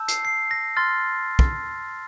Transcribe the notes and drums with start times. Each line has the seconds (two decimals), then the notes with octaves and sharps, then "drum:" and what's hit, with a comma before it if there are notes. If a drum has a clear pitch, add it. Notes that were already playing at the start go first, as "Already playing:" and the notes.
Already playing: A5 E6 G6
0.08 C7, drum: hi-hat
0.25 C7
0.51 A#6
0.77 C6 F6 A6
1.39 drum: kick